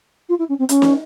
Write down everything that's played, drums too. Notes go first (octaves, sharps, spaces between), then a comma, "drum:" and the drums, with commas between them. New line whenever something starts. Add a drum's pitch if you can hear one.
F4
E4
C#4
C4
C#4, drum: hi-hat
drum: snare